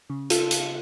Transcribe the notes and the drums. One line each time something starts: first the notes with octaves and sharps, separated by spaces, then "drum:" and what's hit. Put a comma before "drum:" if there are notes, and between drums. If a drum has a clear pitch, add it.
C#3
F4 A4, drum: hi-hat
drum: hi-hat